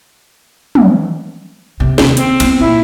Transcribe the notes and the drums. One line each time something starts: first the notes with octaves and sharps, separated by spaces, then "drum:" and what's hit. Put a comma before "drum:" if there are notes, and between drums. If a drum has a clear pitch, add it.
drum: tom
C3
D#2, drum: snare
C4, drum: hi-hat
E2, drum: cymbal
A#2 E4